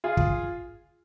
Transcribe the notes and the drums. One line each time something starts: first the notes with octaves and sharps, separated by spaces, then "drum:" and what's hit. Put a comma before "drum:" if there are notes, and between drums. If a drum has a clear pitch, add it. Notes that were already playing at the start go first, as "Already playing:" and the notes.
F4 G#4
drum: kick